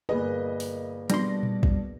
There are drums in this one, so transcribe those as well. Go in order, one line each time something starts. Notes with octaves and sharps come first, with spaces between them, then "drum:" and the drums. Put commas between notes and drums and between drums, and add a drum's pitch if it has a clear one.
G1 A#3 G#4 B4 D#5
drum: open hi-hat
B2 G3 D4 C6 A#6, drum: hi-hat
drum: tom A#2
drum: kick